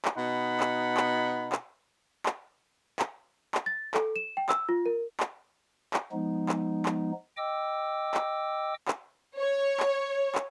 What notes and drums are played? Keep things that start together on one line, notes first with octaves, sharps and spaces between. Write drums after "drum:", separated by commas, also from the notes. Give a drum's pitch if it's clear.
drum: clap
B2 D#4 F#5 B5
drum: clap
drum: clap
drum: clap
drum: clap
drum: clap
drum: clap
A6
A4, drum: clap
E7
G5
E6, drum: clap
F4
A#4
drum: clap
drum: clap
F3 G#3 B3 D#4
drum: clap
drum: clap
D#5 G5 D6 E6
drum: clap
drum: clap
C#5
drum: clap
drum: clap